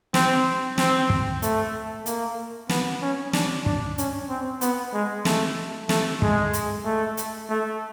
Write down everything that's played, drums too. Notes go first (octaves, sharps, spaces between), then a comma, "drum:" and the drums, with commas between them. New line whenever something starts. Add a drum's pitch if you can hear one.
C4, drum: snare
C4, drum: snare
drum: kick
A3, drum: hi-hat
A#3, drum: hi-hat
B3, drum: snare
C#4
D4, drum: snare
D4, drum: kick
C#4, drum: hi-hat
C4
B3, drum: hi-hat
G#3
A3, drum: snare
A3, drum: snare
G#3, drum: kick
drum: hi-hat
A3
drum: hi-hat
A3